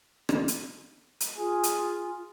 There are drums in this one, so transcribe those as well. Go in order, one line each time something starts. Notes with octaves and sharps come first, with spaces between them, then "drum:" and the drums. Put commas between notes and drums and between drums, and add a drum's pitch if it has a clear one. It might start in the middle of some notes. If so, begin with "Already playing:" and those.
drum: rim click
drum: hi-hat
drum: hi-hat
F4 G#4
drum: hi-hat